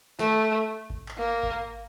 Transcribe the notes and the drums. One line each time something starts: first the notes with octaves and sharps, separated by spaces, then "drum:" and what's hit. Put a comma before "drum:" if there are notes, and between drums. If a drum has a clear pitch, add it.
A3, drum: snare
drum: kick G#1
drum: clap
A#3
drum: kick G#1